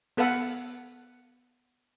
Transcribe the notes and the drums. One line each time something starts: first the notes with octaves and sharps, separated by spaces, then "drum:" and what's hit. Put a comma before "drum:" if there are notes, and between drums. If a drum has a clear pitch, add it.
B3 A4 B4 F5 F#5, drum: open hi-hat